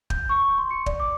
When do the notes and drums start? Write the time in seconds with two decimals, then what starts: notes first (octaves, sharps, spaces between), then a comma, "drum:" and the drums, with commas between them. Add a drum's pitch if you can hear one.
0.10 G6, drum: kick
0.29 C#6
0.45 C#6
0.58 C6
0.70 C#7
0.86 D5, drum: kick
1.00 D6